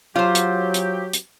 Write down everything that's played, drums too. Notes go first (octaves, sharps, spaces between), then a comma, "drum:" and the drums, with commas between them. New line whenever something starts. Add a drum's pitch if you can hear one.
F#3 F4 G4 C5
drum: hi-hat
drum: hi-hat
drum: hi-hat